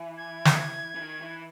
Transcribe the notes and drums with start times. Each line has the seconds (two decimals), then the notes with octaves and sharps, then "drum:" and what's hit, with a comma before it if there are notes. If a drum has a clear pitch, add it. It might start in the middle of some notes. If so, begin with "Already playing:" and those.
Already playing: E3
0.17 G#6
0.45 drum: snare
0.95 E3
1.01 D#3
1.21 E3